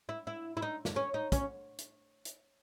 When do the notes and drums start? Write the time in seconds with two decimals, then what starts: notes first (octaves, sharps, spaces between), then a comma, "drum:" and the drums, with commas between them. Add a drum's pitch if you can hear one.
0.09 E4
0.27 E4
0.57 E4
0.62 D#4
0.85 drum: snare
0.96 C#4
1.14 D#4
1.32 C#4, drum: kick, hi-hat
1.78 drum: hi-hat
2.25 drum: hi-hat